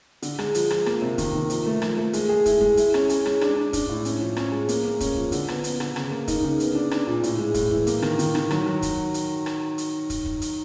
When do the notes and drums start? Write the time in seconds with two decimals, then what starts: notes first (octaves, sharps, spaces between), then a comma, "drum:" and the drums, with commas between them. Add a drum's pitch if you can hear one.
0.22 D3, drum: hi-hat
0.39 G#3, drum: rim click
0.55 F3, drum: hi-hat
0.70 F3, drum: rim click
0.86 A#3, drum: rim click
1.02 C3
1.18 D#3, drum: kick, hi-hat
1.34 A#3
1.50 F3, drum: hi-hat
1.67 A3
1.82 F3, drum: rim click
1.97 A3
2.13 G#3, drum: hi-hat
2.29 G#4
2.46 E4, drum: kick, hi-hat
2.61 G#3, drum: kick
2.77 E4, drum: hi-hat
2.94 C#4, drum: rim click
3.10 C#4, drum: hi-hat
3.26 G#3, drum: rim click
3.41 D4, drum: rim click
3.56 D4
3.73 D4, drum: kick, hi-hat
3.89 A2
4.05 C#4, drum: hi-hat
4.21 F3
4.36 C#4, drum: rim click
4.52 G#3
4.69 A#3, drum: hi-hat
4.84 A#3
5.00 C#4, drum: kick, hi-hat
5.17 F3, drum: kick
5.32 D3, drum: hi-hat
5.48 B3, drum: rim click
5.64 B3, drum: hi-hat
5.80 D3, drum: rim click
5.96 C#3, drum: rim click
6.11 A#3
6.28 D#4, drum: kick, hi-hat
6.44 C#3
6.60 B3, drum: hi-hat
6.75 D4
6.91 D4, drum: rim click
7.07 A#2
7.23 A2, drum: hi-hat
7.39 G#3
7.54 A2, drum: kick, hi-hat
7.71 E3, drum: kick
7.87 A#3, drum: hi-hat
8.02 D#3, drum: rim click
8.19 D#3, drum: hi-hat
8.35 D#3, drum: rim click
8.50 F#3, drum: rim click
8.66 F#3
8.82 drum: kick, hi-hat
9.14 drum: hi-hat
9.46 drum: rim click
9.78 drum: hi-hat
10.10 drum: kick, hi-hat
10.26 drum: kick
10.42 drum: hi-hat